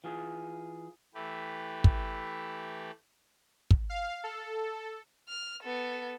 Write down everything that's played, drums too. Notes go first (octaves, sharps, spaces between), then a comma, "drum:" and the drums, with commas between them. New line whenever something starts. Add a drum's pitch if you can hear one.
E3 F4 G#4
E3 A3 G4 B4
drum: kick
drum: kick
F5
A4
F6
B3 A4